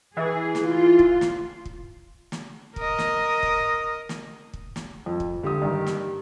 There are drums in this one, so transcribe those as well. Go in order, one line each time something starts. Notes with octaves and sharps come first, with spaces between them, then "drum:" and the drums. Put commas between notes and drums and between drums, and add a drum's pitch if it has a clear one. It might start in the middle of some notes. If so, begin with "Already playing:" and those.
E3 G#4
drum: snare
F4
drum: kick
drum: snare
drum: kick
drum: snare
A#4 D#5, drum: kick
drum: snare
drum: kick
drum: snare
drum: kick
drum: snare
F2
drum: kick
D3 G4 D#6
G2 D#3
drum: snare